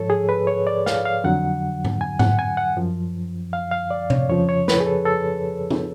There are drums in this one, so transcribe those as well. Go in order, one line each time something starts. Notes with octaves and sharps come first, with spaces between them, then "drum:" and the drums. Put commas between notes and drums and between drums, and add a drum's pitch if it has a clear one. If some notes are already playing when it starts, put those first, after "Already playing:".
Already playing: G#2 F3 A4 C#5
G#4
B4
C#5
D5
F5, drum: snare
F5
F2 D3 F#3 F#5
drum: tom G#2
G#5
F#5, drum: tom G#2
G#5
F#5
F#2 F3
F5
F5
D5
C#5, drum: tom C3
F2 C#3 F3 C#5
C#5
B4, drum: snare
G#4
A4
A4
drum: tom